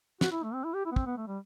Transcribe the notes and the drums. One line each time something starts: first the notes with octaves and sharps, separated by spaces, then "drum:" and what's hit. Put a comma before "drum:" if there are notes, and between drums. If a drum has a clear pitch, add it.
F#4, drum: snare
E4
A3
C4
E4
G4
E4
B3
C4, drum: kick
B3
A3
G3